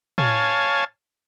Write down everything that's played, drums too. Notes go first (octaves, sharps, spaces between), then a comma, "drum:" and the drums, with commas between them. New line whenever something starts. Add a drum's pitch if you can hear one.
C#5 F5 G#5 A5, drum: tom